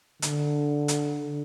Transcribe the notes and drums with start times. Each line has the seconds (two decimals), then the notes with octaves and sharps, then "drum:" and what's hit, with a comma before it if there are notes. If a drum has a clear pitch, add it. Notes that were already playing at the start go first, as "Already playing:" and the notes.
0.22 D3, drum: hi-hat
0.88 drum: hi-hat